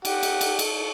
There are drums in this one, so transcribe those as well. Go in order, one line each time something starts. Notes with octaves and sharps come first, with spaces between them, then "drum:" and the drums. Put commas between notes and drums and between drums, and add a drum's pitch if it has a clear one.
G4 F#5, drum: cymbal
drum: cymbal
drum: cymbal
drum: cymbal